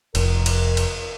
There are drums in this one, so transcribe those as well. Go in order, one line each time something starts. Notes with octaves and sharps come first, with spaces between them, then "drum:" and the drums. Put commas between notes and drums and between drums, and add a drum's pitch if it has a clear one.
F1 A#4, drum: cymbal
drum: cymbal
drum: cymbal